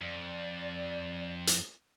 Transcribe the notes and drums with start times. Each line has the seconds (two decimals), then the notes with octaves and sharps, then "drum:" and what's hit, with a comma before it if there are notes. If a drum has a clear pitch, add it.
0.01 F2 D5
1.47 drum: hi-hat